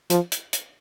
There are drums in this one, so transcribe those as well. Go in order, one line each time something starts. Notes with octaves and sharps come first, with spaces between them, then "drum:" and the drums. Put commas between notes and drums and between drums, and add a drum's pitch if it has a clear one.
F3, drum: hi-hat
drum: hi-hat
drum: hi-hat